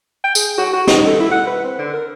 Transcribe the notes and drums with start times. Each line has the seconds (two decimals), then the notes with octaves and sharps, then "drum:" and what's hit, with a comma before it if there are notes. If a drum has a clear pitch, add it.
0.24 G5
0.35 G#4, drum: tambourine
0.58 F#4
0.73 F#4
0.87 D#4, drum: snare
1.07 A4
1.20 E4
1.32 F#5
1.47 B4
1.64 C4
1.79 D3
1.93 A#4